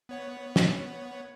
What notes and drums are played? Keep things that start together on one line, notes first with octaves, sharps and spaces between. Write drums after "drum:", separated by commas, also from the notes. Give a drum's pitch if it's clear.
B3 C#5 F#5
drum: snare